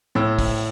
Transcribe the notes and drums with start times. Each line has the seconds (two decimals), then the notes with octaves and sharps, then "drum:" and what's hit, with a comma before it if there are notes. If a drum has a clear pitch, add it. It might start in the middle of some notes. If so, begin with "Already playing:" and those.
0.15 A2 E6
0.39 drum: kick, open hi-hat